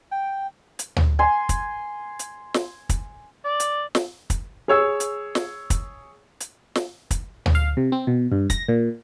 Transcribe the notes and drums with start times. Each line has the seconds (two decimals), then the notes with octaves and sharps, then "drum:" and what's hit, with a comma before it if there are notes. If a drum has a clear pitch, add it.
0.11 G5
0.79 drum: hi-hat
0.96 drum: tom
1.19 G#5 C6
1.49 drum: kick, hi-hat
2.19 drum: hi-hat
2.54 drum: snare
2.89 drum: kick, hi-hat
3.45 D5
3.60 drum: hi-hat
3.95 drum: snare
4.30 drum: kick, hi-hat
4.68 G#4 C#5 E6
5.00 drum: hi-hat
5.35 drum: snare
5.70 drum: kick, hi-hat
6.40 drum: hi-hat
6.75 drum: snare
7.11 drum: kick, hi-hat
7.46 drum: tom
7.55 F5
7.77 C3
7.92 C4
8.07 B2
8.32 G2
8.50 A#6, drum: kick, hi-hat
8.68 A#2